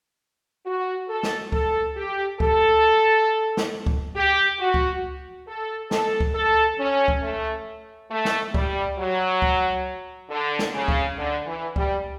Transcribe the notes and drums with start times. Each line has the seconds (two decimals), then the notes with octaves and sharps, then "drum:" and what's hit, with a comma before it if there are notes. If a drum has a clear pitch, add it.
0.65 F#4
1.09 A4
1.23 drum: snare
1.52 A4, drum: kick C#2
1.96 G4
2.40 A4, drum: kick C#2
3.57 drum: snare
3.86 drum: kick C#2
4.16 G4
4.60 F#4
4.74 drum: kick C#2
5.48 A4
5.91 A4, drum: snare
6.20 drum: kick C#2
6.35 A4
6.79 C#4
7.08 drum: kick C#2
7.23 A3
8.11 A3
8.25 drum: snare
8.54 G3, drum: kick C#2
8.99 F#3
9.42 drum: kick C#2
10.29 D3
10.59 drum: snare
10.74 C#3
10.88 drum: kick C#2
11.18 D3
11.47 E3
11.76 G3, drum: kick C#2